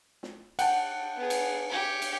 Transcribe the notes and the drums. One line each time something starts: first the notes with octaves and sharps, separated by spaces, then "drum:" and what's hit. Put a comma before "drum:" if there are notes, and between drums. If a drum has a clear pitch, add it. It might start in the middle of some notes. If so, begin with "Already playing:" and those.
drum: snare
F#5 G5 A5, drum: cymbal
B3 G#4
drum: cymbal
G4 C#5
drum: cymbal